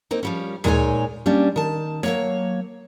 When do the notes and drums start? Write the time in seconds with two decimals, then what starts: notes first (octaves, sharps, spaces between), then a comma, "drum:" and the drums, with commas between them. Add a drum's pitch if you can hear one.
0.11 A#3 C4 D#4
0.23 F3 G3 C#4
0.64 A#2 G#3 D#4 G4 C#5 G#5, drum: tom
1.26 G3 A#3 C#4 D4
1.56 D#3 A5
2.03 F#3 A#3 C#5, drum: snare